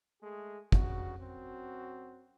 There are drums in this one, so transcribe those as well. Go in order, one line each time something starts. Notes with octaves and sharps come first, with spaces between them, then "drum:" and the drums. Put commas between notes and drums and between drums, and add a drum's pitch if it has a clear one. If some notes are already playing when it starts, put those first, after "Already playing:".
G#3 A3 G#4
G2 C#3 F#4, drum: kick
F#2 C4 F#4